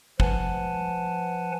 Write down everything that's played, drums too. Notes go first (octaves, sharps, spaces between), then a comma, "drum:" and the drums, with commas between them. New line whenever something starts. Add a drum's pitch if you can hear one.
F3 B4 F#5 G#5 A5, drum: kick